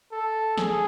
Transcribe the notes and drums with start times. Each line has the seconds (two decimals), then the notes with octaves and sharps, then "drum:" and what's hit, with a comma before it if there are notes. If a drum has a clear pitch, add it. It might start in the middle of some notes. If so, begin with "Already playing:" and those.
0.12 A4
0.57 G#4, drum: snare